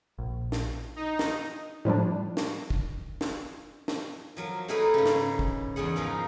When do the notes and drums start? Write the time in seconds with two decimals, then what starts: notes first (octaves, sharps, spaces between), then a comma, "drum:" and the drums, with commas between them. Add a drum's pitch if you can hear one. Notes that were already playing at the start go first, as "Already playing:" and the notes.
0.19 A#1
0.52 drum: snare
0.96 D#4
1.19 drum: snare
1.85 A2 F3 G3 D4
2.37 drum: snare
2.70 drum: kick
3.21 drum: snare
3.88 drum: snare
4.37 F3 F#3 A#4
4.68 A3 D#4 E4 G#4 A#4 B4
4.94 G#2 C#3
5.06 drum: snare
5.39 drum: kick
5.76 E2 G#2 G#4 F#5
5.96 F3 D#4 A#4 A#5